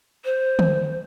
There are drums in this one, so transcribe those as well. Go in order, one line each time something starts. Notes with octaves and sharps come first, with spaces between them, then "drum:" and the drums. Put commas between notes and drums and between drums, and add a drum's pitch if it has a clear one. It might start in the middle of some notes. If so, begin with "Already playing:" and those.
C5
drum: tom